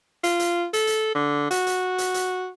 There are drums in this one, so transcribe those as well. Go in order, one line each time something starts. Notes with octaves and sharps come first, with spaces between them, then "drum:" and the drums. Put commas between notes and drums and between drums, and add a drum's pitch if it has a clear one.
F4, drum: hi-hat
drum: hi-hat
A4, drum: hi-hat
drum: hi-hat
D3
F#4, drum: hi-hat
drum: hi-hat
drum: hi-hat
drum: hi-hat